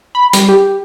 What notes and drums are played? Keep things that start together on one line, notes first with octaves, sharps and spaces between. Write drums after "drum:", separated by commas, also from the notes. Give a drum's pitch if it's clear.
B5
G3, drum: hi-hat
G4